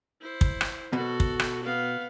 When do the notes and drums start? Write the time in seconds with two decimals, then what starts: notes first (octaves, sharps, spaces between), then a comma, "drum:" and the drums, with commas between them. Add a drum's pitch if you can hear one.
0.21 E4 C5
0.41 drum: kick
0.61 drum: rim click
0.93 B2 F#4 A4
1.20 drum: kick
1.40 drum: rim click
1.63 B3 F5